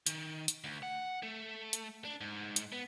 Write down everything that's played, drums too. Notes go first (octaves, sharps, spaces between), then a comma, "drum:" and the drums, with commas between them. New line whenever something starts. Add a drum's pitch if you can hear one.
D#3, drum: hi-hat
drum: hi-hat
D2
F#5
A3
drum: hi-hat
D4
G#2
drum: hi-hat
B3